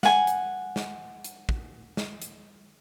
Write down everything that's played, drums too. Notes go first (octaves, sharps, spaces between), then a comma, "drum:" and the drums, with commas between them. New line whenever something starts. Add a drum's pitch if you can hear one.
F#5 G#5, drum: snare
drum: hi-hat
drum: snare
drum: hi-hat
drum: kick
drum: snare
drum: hi-hat